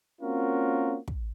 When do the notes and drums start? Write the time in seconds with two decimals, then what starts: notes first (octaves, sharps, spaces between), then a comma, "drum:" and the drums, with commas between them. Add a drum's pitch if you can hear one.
0.21 A#3 C4 C#4 F4 F#4 A#4
1.08 drum: kick